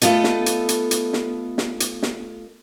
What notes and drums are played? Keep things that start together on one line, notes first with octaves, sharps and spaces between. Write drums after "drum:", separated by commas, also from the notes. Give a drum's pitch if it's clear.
A3 B3 F4 A4 D#5, drum: hi-hat
drum: snare
drum: hi-hat
drum: hi-hat
drum: hi-hat
drum: snare
drum: snare
drum: hi-hat
drum: snare